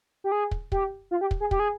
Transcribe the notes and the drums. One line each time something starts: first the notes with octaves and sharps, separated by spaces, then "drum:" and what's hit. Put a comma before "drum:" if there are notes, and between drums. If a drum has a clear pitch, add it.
G4
G#4
drum: kick
G4, drum: kick
F4
G4
drum: kick
G#4
G4, drum: kick
G#4